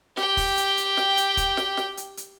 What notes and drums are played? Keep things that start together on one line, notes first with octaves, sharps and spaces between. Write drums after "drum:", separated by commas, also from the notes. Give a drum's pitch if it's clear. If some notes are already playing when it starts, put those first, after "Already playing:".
G4 G5, drum: snare
drum: kick, open hi-hat
drum: hi-hat
drum: hi-hat
drum: snare
drum: hi-hat
drum: kick, hi-hat
drum: snare
drum: snare
drum: hi-hat
drum: hi-hat